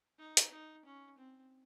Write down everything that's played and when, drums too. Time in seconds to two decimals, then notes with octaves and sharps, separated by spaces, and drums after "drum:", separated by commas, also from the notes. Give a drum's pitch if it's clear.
0.18 D#4
0.37 drum: hi-hat
0.52 D#4
0.85 C#4
1.18 C4